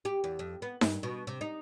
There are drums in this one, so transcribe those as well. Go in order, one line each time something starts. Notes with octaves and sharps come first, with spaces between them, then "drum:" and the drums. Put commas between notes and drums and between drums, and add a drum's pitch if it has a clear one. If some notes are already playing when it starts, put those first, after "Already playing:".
G4
E2
F2
B3
G2, drum: snare D#4
B2
C3
D#4